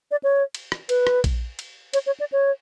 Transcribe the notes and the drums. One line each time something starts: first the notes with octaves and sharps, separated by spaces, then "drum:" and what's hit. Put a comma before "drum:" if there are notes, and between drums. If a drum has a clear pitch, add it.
D5
C#5
drum: cymbal
drum: rim click
B4, drum: cymbal
drum: rim click
drum: kick A#1, cymbal
drum: cymbal
C#5, drum: cymbal
C#5
D5
C#5